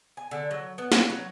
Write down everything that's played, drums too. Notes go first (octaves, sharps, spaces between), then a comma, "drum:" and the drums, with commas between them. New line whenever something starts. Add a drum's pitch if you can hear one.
G#5
D3
F#3
B3
B4, drum: snare
F#3